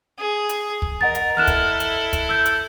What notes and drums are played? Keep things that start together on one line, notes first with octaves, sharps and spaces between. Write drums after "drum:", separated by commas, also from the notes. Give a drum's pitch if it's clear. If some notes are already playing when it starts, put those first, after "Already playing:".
G#4
drum: hi-hat
drum: kick
A#4 D#5 F#5 A6
drum: hi-hat
E4 A4 F6 F#6 E7
drum: kick, hi-hat
drum: hi-hat
drum: kick, hi-hat
E6 G6
drum: hi-hat